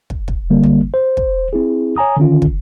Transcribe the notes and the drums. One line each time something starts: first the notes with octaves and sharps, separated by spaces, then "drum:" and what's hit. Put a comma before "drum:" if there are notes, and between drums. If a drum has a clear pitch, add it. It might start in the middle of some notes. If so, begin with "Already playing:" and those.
drum: kick
drum: kick
D3 G3 A#3
drum: tom
C5
drum: kick
C4 E4 G#4
C#5 G#5 A#5 D#6
D3 D#3 C#4 F4
drum: kick